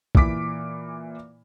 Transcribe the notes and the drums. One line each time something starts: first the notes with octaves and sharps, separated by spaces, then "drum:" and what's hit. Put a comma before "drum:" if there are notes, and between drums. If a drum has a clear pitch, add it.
A#2 E3 D6 B6, drum: kick